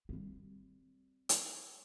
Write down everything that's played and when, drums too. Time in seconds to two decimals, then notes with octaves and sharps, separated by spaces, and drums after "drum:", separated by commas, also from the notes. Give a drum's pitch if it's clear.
0.09 G3 C4
1.29 drum: hi-hat